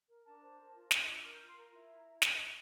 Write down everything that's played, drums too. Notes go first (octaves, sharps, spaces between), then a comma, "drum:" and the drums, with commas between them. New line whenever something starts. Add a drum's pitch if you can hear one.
A#4
D4 A5
C5
A#4
F4
D4, drum: snare
C6
D4 D6
E6
A#4 F6
G6
F4 F6
C6
A#4 A#5
E4
drum: snare